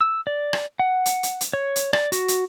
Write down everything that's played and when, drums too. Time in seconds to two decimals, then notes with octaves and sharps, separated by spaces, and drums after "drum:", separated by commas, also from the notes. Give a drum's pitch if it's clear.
0.01 E6
0.27 D5
0.53 drum: rim click
0.79 F#5
1.06 drum: hi-hat
1.23 drum: hi-hat
1.41 drum: hi-hat
1.53 C#5
1.76 drum: hi-hat
1.93 D5, drum: rim click
2.12 F#4, drum: hi-hat
2.28 drum: hi-hat